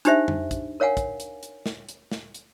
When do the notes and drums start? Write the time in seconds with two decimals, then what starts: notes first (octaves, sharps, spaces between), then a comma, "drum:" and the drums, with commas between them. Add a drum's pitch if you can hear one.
0.05 D4 D#4 G4 C5 E5, drum: hi-hat
0.28 drum: tom F2
0.51 drum: kick, hi-hat
0.80 A#4 C#5 F5 F#5 G#5
0.97 drum: kick, hi-hat
1.20 drum: hi-hat
1.43 drum: hi-hat
1.66 drum: snare
1.89 drum: hi-hat
2.12 drum: snare
2.34 drum: hi-hat